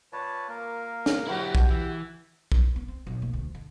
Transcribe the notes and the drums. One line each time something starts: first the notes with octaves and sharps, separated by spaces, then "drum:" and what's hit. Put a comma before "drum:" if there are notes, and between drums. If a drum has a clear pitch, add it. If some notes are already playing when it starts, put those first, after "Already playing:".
A#2 B4 C#5 A5
A#3 A#4
drum: snare
F#3 B3 E4 F#4 G4
drum: kick
E3 E5
drum: kick
B3
C4
B1
A#3
D2
D3